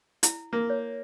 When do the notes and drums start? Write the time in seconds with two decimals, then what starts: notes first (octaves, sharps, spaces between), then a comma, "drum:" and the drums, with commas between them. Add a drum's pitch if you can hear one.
0.23 E4, drum: hi-hat
0.53 A#3
0.70 C#5